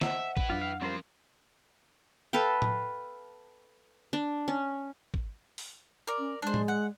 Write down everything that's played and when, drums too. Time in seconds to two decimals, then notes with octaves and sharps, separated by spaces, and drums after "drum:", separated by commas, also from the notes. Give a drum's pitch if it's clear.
0.01 C5 D#5 E5 F#5 A5, drum: snare
0.37 E4 B4, drum: kick
0.50 F2 F#3 D4 F4
0.61 F5
0.82 F3 G3 C4 C#4 F4 A#4 C5
2.33 A4 B4 F5 G5
2.62 drum: tom A2
4.13 D4
4.48 C#4
5.14 drum: kick
5.58 drum: open hi-hat
6.07 A#4 D5
6.19 C#4
6.42 G#3 D4 C5
6.54 drum: tom A2
6.68 F#5